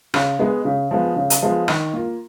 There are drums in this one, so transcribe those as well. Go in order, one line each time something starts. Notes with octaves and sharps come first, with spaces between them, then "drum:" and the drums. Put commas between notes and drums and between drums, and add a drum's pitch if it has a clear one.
C#3, drum: rim click
G#3 B3
C#3
F3 G#3 B3
C#3
drum: hi-hat
F3 G#3 B3
D#3, drum: rim click
A#3 F4